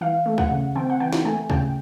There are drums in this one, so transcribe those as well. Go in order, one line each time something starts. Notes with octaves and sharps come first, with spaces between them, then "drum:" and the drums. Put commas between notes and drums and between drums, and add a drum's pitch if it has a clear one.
E3 F5
A3
F#5, drum: kick C#2
C#3
C4 G5, drum: tom D3
F#5
E3 G5
drum: snare
A3 G#5
C#3 G5, drum: kick C#2